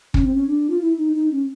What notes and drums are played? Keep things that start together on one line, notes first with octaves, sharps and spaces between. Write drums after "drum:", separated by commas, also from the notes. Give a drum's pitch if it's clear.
C#4, drum: kick
C4
C#4
D4
F4
E4
D#4
D#4
C#4